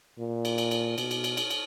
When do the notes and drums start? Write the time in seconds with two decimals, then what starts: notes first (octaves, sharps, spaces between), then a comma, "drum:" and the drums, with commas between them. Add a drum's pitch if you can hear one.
0.19 A#2
0.45 drum: cymbal
0.58 drum: cymbal
0.71 drum: cymbal
0.98 B2, drum: cymbal
1.11 drum: cymbal
1.24 drum: cymbal
1.37 drum: cymbal
1.50 drum: cymbal